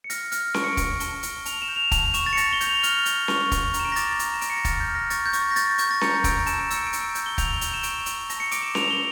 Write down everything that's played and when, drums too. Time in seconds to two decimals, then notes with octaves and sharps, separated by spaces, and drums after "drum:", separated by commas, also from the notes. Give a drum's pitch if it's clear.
0.04 C#7
0.10 F6 A#6, drum: hi-hat
0.32 F6, drum: hi-hat
0.54 C#6 D7, drum: snare C#4
0.64 C#7
0.73 D7
0.77 C#6, drum: kick, hi-hat
1.00 A5 G7, drum: hi-hat
1.23 C#6, drum: hi-hat
1.45 A5 F7, drum: hi-hat
1.62 E7
1.68 G6
1.76 F7
1.91 A5 F7, drum: kick, hi-hat
2.03 F7
2.14 C#6 E7, drum: hi-hat
2.26 A6
2.33 C#7
2.37 A5 A#6, drum: hi-hat
2.53 G7
2.61 G6, drum: hi-hat
2.67 F7
2.83 F6, drum: hi-hat
3.06 F6, drum: hi-hat
3.28 C#6, drum: snare C#4
3.52 C#6, drum: kick, hi-hat
3.74 A#5, drum: hi-hat
3.79 E7
3.85 D7
3.92 A#6
3.96 D6 A6, drum: hi-hat
4.19 A#5, drum: hi-hat
4.34 E7
4.41 F6 D7, drum: hi-hat
4.50 C#7
4.57 A#6
4.65 F6 A6, drum: kick, hi-hat
4.80 G6
4.88 F6
4.95 A#6
5.10 C#6 A6, drum: hi-hat
5.26 G6
5.33 C#6, drum: hi-hat
5.41 A6
5.51 A#6
5.56 G6 A6, drum: hi-hat
5.78 C#6 G6, drum: hi-hat
5.91 A6
6.01 A#5 C#7, drum: snare C#4
6.24 E6 D7, drum: kick, hi-hat
6.46 A5 E7, drum: hi-hat
6.60 D7
6.70 E6 C#7, drum: hi-hat
6.87 D7
6.93 A5, drum: hi-hat
7.15 G6, drum: hi-hat
7.26 G7
7.38 G6 F7, drum: kick, hi-hat
7.61 G6 E7, drum: hi-hat
7.74 E7
7.83 C#6 D7, drum: hi-hat
8.06 C#6, drum: hi-hat
8.30 A5 A#6, drum: hi-hat
8.40 C#7
8.51 D6 D7, drum: hi-hat
8.63 E7
8.75 A5 F7, drum: snare C#4
8.91 G7